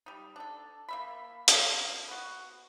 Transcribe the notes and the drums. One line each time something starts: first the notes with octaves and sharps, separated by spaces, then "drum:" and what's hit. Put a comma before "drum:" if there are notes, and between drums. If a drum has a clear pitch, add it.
G3 D#4
D4 A4
A#3 E5 B5
F3 A#3, drum: hi-hat
B3 F#4